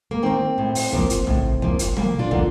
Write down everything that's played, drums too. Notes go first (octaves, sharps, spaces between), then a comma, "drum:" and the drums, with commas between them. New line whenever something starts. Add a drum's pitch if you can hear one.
A#3
D#3 A#3 C4
A2
drum: open hi-hat
F3 A#3, drum: kick
drum: hi-hat
A2, drum: tom
F3 A#3, drum: kick
drum: hi-hat
D2 A#3, drum: tom
D4 F4
D3 F3 A#3, drum: kick